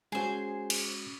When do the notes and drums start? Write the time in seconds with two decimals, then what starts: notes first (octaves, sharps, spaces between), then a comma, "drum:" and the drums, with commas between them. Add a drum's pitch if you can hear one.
0.12 G#3 C#4 F#4 G#4 C5
0.70 drum: cymbal